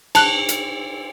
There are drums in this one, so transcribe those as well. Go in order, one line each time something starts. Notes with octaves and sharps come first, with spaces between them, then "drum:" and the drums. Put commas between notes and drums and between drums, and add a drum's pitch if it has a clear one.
A5 F#6, drum: cymbal
drum: hi-hat